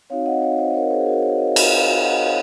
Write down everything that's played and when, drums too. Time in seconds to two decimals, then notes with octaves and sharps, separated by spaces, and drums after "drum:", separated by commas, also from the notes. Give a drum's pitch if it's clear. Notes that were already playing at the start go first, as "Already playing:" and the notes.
0.10 C4 D#4 F#4 C#5 F5
0.26 D#5 F#5
0.42 C#5 F5
0.58 C5 D#5
0.71 D#5
0.74 A#4 C#5
0.90 G#4 C5
1.01 G#4
1.06 F#4 A#4
1.22 A#4 C#5
1.38 D#5
1.47 F5
1.56 C5 D#5, drum: cymbal
1.71 C#5 F5
2.03 D#5 F#5
2.19 C#5 F5